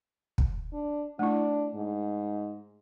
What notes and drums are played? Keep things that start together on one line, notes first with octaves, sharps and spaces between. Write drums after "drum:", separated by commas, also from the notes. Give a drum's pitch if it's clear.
drum: kick
D4
A3 D4 E4
G#2